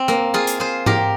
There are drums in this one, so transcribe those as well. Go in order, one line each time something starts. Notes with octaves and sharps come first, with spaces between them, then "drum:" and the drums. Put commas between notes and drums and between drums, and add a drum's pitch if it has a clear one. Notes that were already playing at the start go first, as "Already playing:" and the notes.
Already playing: C4
A#3, drum: rim click
F4 G#4
drum: hi-hat
G#4 C5
G4 A#4, drum: tom G#2